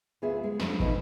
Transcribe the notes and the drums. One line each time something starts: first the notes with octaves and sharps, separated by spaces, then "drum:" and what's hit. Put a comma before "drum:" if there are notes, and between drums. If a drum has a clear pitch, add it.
D2 B3 F4 G#4 E5
G#3
F2 F#3 D4, drum: snare
B2 E3 F3 D#4, drum: kick